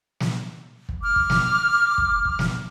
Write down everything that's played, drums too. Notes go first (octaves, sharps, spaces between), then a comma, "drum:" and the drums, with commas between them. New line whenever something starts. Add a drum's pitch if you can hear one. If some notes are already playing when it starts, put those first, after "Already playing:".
drum: snare
drum: kick
D6 F6
drum: kick
drum: snare
drum: kick
drum: kick
drum: snare